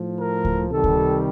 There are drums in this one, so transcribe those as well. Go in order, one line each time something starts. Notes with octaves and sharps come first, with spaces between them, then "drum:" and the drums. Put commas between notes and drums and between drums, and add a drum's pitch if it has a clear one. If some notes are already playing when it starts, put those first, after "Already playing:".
Already playing: A2 F3
A#4
drum: kick C#2
C3 D#3 G3 A4
drum: kick C#2